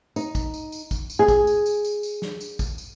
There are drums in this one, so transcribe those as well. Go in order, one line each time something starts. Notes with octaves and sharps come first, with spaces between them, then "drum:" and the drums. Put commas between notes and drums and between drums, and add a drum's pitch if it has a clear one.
D#4, drum: tambourine
drum: kick, tambourine
drum: tambourine
drum: tambourine
drum: kick, tambourine
drum: tambourine
G#4
drum: kick, tambourine
drum: tambourine
drum: tambourine
drum: tambourine
drum: tambourine
drum: snare
drum: tambourine
drum: kick, tambourine
drum: tambourine